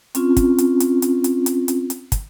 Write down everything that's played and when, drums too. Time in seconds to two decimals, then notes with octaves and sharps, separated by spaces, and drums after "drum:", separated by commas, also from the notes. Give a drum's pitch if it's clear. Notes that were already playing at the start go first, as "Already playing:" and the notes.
0.15 C4 C#4 F4, drum: hi-hat
0.37 drum: kick, hi-hat
0.58 drum: hi-hat
0.80 drum: hi-hat
1.02 drum: hi-hat
1.24 drum: hi-hat
1.46 drum: hi-hat
1.68 drum: hi-hat
1.90 drum: hi-hat
2.12 drum: kick, hi-hat